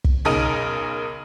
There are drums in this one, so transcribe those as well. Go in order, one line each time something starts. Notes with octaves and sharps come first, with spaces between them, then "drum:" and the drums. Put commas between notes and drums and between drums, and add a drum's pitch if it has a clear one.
drum: kick
B1 C#3 D#4 A#4 D#6 D#7